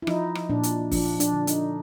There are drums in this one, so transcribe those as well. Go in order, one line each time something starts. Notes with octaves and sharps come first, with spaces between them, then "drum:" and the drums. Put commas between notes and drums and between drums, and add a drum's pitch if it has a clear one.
E4
F3 D#4, drum: rim click
drum: rim click
A#2 D4
drum: hi-hat
F3 D4, drum: kick, open hi-hat
D4, drum: hi-hat
D3
D#4, drum: hi-hat